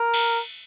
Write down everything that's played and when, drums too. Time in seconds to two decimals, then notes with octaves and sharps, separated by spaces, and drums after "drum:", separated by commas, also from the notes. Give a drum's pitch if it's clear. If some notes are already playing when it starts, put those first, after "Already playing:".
Already playing: A#4
0.13 drum: cymbal